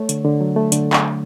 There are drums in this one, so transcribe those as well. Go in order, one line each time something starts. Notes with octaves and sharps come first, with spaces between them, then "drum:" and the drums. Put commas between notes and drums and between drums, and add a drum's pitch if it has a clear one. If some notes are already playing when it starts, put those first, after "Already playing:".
Already playing: A3 C#5
D3, drum: hi-hat
D3
F#3
A3
D3, drum: hi-hat
drum: clap